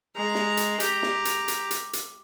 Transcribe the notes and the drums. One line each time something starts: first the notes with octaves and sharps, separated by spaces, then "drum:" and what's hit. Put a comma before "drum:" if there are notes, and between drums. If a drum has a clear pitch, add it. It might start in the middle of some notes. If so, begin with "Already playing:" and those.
G#3 A#5
drum: snare
drum: hi-hat
G4 A#5, drum: hi-hat
drum: snare
drum: hi-hat
drum: hi-hat
drum: hi-hat
drum: hi-hat